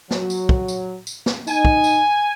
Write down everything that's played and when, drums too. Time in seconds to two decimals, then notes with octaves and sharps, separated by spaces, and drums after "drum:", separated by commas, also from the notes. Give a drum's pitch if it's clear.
0.11 F#3, drum: snare
0.30 drum: tambourine
0.49 drum: kick
0.68 drum: tambourine
1.07 drum: tambourine
1.26 drum: snare
1.47 D#4 G#5, drum: tambourine
1.65 drum: kick
1.84 drum: tambourine